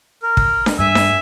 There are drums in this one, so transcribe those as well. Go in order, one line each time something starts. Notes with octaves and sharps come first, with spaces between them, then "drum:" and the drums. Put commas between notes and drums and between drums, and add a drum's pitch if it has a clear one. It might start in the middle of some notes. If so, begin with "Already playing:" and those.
A#4
drum: kick
drum: snare D4
G2 E5 G#5
drum: snare D4